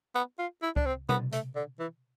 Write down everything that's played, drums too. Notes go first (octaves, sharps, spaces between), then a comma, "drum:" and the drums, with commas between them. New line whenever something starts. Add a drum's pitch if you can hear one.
B3
F4
E4
D4, drum: kick C#2
C4
B3, drum: tom B2
A3, drum: hi-hat
D3
E3